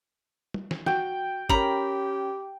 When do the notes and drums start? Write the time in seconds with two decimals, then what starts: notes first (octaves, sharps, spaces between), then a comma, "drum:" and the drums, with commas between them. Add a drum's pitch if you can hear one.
0.54 drum: tom
0.71 drum: snare
0.86 F#4 G5, drum: snare
1.49 C#4 G4 A#4 A#5 B5, drum: kick G#1